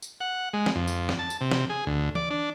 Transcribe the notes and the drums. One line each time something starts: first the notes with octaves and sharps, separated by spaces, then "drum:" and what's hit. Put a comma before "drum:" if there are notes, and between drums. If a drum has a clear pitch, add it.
drum: tambourine
F#5
G#3
drum: snare
F2
drum: tambourine
drum: snare
A5
drum: tambourine
C3
drum: snare
G#4
D2
D5, drum: tom E3
D4